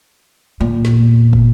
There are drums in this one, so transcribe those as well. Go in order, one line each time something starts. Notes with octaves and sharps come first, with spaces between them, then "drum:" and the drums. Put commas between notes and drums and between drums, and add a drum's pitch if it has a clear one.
E2 A#2
drum: snare
drum: kick